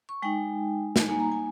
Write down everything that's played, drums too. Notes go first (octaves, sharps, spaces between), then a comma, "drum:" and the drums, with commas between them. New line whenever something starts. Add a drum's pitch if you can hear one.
C#6
G#3 D#4 G5
drum: snare
G3 A#3 D#4 G#5
A#5
G#5